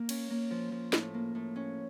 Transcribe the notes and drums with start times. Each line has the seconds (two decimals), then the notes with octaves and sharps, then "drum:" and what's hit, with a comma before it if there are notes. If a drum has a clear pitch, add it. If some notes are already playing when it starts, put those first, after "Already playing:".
Already playing: A#3
0.09 C#4, drum: cymbal
0.30 A#3
0.51 F3
0.72 F3
0.93 A2, drum: snare
1.14 A#3
1.35 A2
1.56 C#4